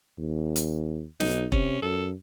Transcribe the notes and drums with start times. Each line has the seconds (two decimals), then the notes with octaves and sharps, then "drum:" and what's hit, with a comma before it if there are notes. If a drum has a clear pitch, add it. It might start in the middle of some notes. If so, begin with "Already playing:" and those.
0.19 D#2
0.56 drum: hi-hat
1.20 B1 D#4, drum: snare
1.52 C3 C#4, drum: kick E1
1.82 F#2 A4